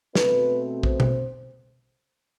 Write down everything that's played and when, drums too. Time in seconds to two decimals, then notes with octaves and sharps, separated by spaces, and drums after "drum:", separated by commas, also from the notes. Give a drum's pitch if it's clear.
0.15 B2 A3 C4 B4, drum: snare
0.83 C5, drum: kick A#1
1.00 drum: tom B2